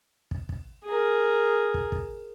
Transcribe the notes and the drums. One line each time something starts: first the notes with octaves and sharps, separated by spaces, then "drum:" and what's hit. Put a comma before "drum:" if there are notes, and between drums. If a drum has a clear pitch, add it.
drum: kick
drum: kick
G#4 A#4
drum: kick
drum: kick